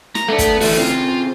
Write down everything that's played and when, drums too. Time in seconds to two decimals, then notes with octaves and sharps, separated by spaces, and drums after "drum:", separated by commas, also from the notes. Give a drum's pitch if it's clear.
0.15 A#5, drum: snare
0.28 A3 B3 D4 F#5
0.38 drum: kick, hi-hat
0.61 E3 A3 F#4 D5, drum: open hi-hat
0.77 C#3 C4 F4